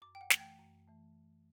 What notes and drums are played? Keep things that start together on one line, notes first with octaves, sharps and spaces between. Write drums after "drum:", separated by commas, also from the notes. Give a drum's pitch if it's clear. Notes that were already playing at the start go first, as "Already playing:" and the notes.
F#2 D6
G5
F#5
E3 A3, drum: snare
G5
F#2
E3 A3